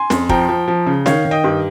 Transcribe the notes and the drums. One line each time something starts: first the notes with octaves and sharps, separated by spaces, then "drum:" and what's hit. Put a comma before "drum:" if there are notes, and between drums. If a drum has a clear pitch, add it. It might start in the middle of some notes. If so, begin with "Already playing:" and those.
Already playing: G#5 C6
F2, drum: snare
F3 G5 A#5, drum: kick
F3
F3
C#3
D#3 C#5 F5, drum: snare
D#3
D#5 G5
G2